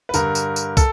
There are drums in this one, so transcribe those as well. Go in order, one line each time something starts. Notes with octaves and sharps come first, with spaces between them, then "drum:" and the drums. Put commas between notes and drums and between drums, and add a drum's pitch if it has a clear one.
B4
G2 D3 A#4, drum: tambourine
drum: tambourine
drum: tambourine
A4, drum: kick, tambourine